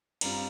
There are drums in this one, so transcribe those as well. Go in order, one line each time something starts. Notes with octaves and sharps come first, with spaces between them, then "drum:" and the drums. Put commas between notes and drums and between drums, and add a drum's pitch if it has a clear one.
G2 G3 C4 F4 A#5, drum: cymbal
A#5